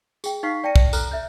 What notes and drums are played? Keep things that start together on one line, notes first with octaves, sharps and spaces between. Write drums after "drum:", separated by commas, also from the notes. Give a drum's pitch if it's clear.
G#4 G5, drum: tambourine
D#4 F5 C#6 F6 B6 C7
D5 G5 A5 A#6 C#7 D#7
drum: kick
A4 A#5 F6 F#6, drum: tambourine
E5 G6